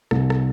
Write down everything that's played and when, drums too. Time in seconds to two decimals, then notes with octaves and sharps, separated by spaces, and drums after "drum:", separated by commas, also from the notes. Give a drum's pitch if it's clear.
0.11 C2, drum: rim click
0.30 drum: rim click